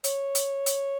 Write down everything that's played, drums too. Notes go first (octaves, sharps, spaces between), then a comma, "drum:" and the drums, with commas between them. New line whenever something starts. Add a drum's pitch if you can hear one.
C#5, drum: hi-hat
drum: hi-hat
drum: hi-hat